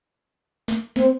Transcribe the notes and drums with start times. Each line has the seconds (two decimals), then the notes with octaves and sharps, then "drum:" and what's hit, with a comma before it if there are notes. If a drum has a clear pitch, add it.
0.68 drum: snare
0.96 C4, drum: snare